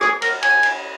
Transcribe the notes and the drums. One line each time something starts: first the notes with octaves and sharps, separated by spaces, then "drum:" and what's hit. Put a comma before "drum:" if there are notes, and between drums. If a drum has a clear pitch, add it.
G#4, drum: rim click
A#4, drum: cymbal
G#5, drum: cymbal
drum: cymbal